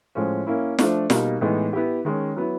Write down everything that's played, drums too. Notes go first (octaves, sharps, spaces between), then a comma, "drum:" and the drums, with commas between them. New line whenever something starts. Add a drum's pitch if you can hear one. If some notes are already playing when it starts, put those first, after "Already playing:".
A2 F3 G#3 C#4
A#3 C#4 E4
F3 A3 D4, drum: snare
B2 G3 A#3 D#4, drum: snare
A2 E3 G#3 B3 D#4
B3 E4 G4
D#3 G#3 C#4
F#3 B3 E4